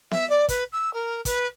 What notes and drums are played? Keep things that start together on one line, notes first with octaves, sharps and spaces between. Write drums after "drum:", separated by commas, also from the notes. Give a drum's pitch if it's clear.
E5, drum: snare B3
D5
B4, drum: kick, hi-hat
E6
A#4
B4, drum: kick, hi-hat